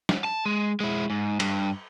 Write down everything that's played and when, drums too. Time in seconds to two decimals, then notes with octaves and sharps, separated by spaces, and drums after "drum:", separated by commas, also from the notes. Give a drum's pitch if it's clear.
0.09 drum: snare
0.24 A5
0.46 G#3
0.80 G#3 E4
1.10 G#2
1.40 G2, drum: cymbal